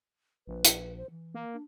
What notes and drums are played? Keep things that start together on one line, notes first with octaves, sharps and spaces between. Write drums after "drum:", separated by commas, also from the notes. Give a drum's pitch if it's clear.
A#1 B4
drum: hi-hat
C5
E3
A#3
D4